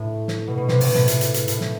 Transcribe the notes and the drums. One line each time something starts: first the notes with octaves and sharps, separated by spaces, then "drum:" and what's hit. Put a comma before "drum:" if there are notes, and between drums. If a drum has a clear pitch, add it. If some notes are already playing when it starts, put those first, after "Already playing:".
Already playing: A2
drum: snare
B2
B2
C3, drum: snare
B2, drum: open hi-hat
A2, drum: snare
drum: hi-hat
drum: hi-hat
drum: hi-hat
A2, drum: hi-hat
drum: snare